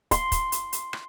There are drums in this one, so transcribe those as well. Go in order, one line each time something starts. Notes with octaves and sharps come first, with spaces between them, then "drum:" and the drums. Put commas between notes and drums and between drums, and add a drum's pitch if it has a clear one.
C6, drum: kick, hi-hat
drum: kick, hi-hat
drum: hi-hat
drum: hi-hat
drum: rim click